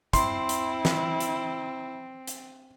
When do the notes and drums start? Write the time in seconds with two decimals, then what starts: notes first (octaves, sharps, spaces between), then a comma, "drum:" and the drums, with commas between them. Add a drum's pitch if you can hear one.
0.13 C4 E4 C6, drum: kick, hi-hat
0.49 drum: hi-hat
0.85 drum: snare
1.20 drum: hi-hat
2.28 drum: hi-hat